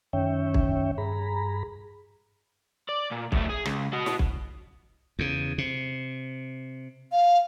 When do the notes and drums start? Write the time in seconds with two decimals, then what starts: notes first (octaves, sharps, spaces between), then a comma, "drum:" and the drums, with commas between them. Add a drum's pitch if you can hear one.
0.13 F#2 D#3 C#4 C#5 E5 G5
0.54 drum: kick
0.98 G2 G#4 A#5 B5
2.89 D5
3.11 A#2
3.32 F#2 A3, drum: kick
3.49 G#4
3.65 C#2, drum: rim click
3.93 F#4 D#5
4.06 drum: snare
4.19 drum: kick
5.19 E2 C#3
5.58 C3
7.12 F5